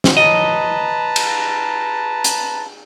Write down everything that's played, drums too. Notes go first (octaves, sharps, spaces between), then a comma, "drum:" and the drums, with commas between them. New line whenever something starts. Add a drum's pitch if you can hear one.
drum: snare
B4 D#5 A5 A#5
drum: cymbal
drum: hi-hat